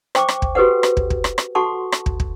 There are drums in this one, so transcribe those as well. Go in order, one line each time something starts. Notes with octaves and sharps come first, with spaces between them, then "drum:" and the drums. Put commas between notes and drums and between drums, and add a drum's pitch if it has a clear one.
C5 G5 C#6 D6, drum: rim click
drum: rim click
drum: kick
F#4 G4 A4 B4 C5 F#5
drum: rim click
drum: kick
drum: kick
drum: rim click
drum: rim click
F#4 A4 F#5 A5 C6 C#6
drum: rim click
drum: kick
drum: kick